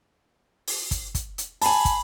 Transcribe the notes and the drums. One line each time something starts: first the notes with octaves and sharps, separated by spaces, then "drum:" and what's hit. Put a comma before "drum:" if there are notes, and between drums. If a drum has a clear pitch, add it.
drum: open hi-hat
drum: kick, hi-hat
drum: kick, hi-hat
drum: hi-hat
G#5 A5 B5, drum: open hi-hat
drum: kick, hi-hat